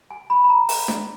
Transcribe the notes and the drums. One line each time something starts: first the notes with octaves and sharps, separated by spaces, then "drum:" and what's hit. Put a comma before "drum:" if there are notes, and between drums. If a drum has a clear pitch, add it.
G#5
B5
B5
A#5
drum: open hi-hat
drum: snare D4